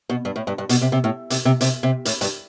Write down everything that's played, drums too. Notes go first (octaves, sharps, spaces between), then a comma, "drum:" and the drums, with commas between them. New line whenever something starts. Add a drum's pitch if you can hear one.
B2
G2
A2
G2
G2
B2, drum: hi-hat
C3
C3
A2
C3, drum: hi-hat
C3
C3, drum: hi-hat
C3
A2, drum: hi-hat
G2, drum: hi-hat